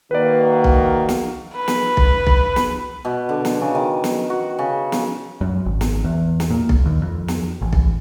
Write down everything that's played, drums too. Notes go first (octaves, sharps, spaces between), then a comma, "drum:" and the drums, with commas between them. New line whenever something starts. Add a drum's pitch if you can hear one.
D#3 A#3 F#4 B4 D5
drum: kick B1
drum: snare
B4
drum: snare
drum: kick B1
drum: kick B1
drum: snare
B2
D3
drum: snare
C#3
D#3
drum: snare
F#4
C#3
drum: snare
F#2
G#1
drum: snare
E2
drum: snare
A#2
drum: kick B1
D#2
F2
drum: snare
A1
drum: kick B1